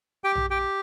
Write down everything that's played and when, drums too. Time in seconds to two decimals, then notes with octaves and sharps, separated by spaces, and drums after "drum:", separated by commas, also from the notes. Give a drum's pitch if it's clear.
0.24 G4 G5
0.35 drum: tom A#1
0.50 G4 G5